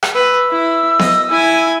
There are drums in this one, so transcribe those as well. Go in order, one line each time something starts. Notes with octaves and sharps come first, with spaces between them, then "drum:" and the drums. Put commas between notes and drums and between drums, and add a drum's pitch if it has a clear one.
drum: rim click
B4 E6
E4
D#5, drum: snare B3
E4 G#5